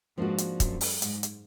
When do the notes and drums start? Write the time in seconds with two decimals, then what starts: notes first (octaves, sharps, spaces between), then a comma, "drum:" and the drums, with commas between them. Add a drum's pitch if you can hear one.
0.17 G#2 F3 A#3 D4 F#4
0.38 drum: hi-hat
0.60 F#2, drum: kick, hi-hat
0.81 drum: open hi-hat
1.02 G#2, drum: hi-hat
1.23 drum: hi-hat